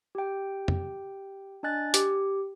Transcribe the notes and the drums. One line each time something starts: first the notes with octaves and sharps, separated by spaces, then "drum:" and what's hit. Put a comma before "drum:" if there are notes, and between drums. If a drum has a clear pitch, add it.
G4 G5
drum: tom
D4 D#5 G#5 F#6 A6
G4, drum: hi-hat